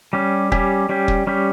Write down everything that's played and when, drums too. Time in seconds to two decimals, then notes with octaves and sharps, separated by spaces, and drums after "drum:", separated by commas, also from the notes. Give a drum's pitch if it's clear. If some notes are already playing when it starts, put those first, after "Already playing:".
0.13 G3 C#4 G4
0.52 G3 C#4 G4, drum: kick
0.89 G3 C#4 G4
1.08 drum: kick
1.27 G3 C#4 G4